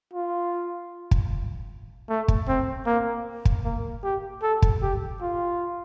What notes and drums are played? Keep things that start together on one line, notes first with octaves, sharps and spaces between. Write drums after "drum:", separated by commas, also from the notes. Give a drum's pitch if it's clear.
F4
drum: kick
A3
drum: kick
C4
A#3
drum: kick
A#3
G4
A4
drum: kick
G4
F4